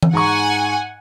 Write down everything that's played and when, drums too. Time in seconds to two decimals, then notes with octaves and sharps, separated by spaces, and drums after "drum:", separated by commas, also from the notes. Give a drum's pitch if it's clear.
0.03 drum: tom E3
0.13 G#2 F#5 G#5 A#5 C#6